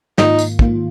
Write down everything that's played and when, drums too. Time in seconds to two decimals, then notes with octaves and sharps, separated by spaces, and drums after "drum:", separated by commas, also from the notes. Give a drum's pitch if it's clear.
0.18 G#2 D#3 A#3 D#4 F4, drum: snare
0.39 drum: tambourine
0.59 G#2 D#3 A#3 F4, drum: kick